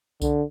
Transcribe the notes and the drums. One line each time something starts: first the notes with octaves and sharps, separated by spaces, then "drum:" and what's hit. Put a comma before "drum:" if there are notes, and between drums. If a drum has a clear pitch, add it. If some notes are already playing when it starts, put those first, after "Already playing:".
D3, drum: kick B1, tambourine